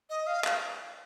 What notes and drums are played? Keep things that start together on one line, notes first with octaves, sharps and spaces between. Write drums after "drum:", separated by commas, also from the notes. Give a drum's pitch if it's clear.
D#5
F5
F5, drum: clap